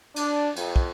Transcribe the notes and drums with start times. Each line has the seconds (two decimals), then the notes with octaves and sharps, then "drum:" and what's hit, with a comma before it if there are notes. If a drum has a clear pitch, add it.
0.16 D4, drum: cymbal
0.56 F2, drum: cymbal
0.76 drum: kick